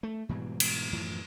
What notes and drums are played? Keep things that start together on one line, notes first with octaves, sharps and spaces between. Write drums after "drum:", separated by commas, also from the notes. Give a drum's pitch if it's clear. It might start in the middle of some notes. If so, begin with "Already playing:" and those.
A3
G#2 B2 E3 G3
drum: cymbal
F#2 A2 E3 F3